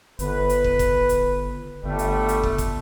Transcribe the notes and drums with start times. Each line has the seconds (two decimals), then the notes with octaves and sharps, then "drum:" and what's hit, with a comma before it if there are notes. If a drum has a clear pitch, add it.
0.19 G1 B4, drum: hi-hat
0.49 drum: hi-hat
0.64 drum: kick
0.79 drum: kick, hi-hat
1.09 drum: hi-hat
1.84 G1 D3 G3 A3
1.99 drum: hi-hat
2.29 drum: hi-hat
2.43 drum: kick
2.58 drum: kick, hi-hat